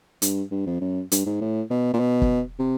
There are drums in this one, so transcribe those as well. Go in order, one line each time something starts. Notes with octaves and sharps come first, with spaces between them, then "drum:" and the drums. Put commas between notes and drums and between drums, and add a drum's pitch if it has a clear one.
G2, drum: hi-hat
G2
F2
F#2
G2, drum: hi-hat
G#2
A2
B2
A#2
B2
drum: kick
C3